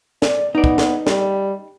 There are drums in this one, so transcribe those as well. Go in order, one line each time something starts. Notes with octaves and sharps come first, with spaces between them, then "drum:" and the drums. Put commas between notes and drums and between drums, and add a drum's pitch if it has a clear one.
D5, drum: snare
B3 D#4 D5
drum: kick
drum: snare
G3, drum: snare